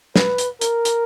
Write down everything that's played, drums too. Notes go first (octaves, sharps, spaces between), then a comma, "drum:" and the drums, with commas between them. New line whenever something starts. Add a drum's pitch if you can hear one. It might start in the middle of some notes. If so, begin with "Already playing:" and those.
B4, drum: snare
drum: hi-hat
A#4, drum: hi-hat
drum: hi-hat